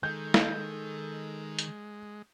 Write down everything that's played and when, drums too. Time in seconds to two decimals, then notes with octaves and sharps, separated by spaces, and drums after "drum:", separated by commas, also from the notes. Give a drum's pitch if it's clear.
0.03 D#3 G#3 A4 G6
0.34 drum: snare
1.59 drum: hi-hat